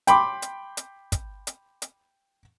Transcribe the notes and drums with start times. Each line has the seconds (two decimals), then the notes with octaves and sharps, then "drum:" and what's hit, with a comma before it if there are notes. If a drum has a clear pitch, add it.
0.07 G5 B5 C6 D6, drum: hi-hat
0.42 drum: hi-hat
0.77 drum: hi-hat
1.12 drum: kick, hi-hat
1.47 drum: hi-hat
1.82 drum: hi-hat